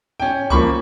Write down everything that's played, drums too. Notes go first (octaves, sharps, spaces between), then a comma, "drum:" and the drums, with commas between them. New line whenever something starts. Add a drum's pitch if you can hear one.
C#4 G5
F3 A#3 B5 C#6, drum: kick C#2